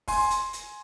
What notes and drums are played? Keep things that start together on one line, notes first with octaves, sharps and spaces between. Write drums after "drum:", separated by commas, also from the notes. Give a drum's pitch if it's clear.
G#5 C6, drum: kick, open hi-hat
drum: hi-hat
drum: hi-hat